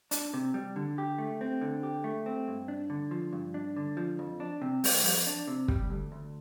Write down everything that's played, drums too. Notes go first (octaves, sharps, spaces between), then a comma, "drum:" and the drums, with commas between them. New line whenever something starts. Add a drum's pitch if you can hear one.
D4, drum: hi-hat
C3
G3
D3
G4
A3
C4
D3
G4
A3
C4
G2
D4
D3
F3
G2
D4
D3
F3
F2
D4
C3
G3, drum: open hi-hat
F2, drum: open hi-hat
D4
C3
G3, drum: kick
D2
D2